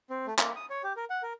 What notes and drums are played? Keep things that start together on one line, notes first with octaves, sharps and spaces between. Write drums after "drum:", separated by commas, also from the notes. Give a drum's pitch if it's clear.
C4
A3
A#3, drum: clap
D#6
C#5
G4
A#4
F#5
A#4